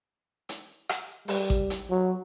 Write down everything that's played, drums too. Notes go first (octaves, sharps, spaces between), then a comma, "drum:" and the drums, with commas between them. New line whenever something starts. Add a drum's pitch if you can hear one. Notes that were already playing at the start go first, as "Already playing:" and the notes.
drum: hi-hat
drum: rim click
G3, drum: open hi-hat
drum: kick A1
drum: hi-hat
F#3